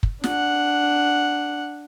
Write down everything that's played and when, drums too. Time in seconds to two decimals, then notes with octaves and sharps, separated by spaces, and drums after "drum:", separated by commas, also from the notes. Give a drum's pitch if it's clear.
0.03 drum: kick
0.24 D4 F#5, drum: snare